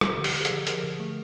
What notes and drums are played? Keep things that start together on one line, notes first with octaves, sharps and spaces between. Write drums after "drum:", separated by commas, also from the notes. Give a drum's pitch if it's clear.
F3 G4, drum: rim click
D3
G4, drum: open hi-hat
F3
G#4
G4 A4, drum: hi-hat
D3
F3 G#4 A#4, drum: hi-hat
D3
A3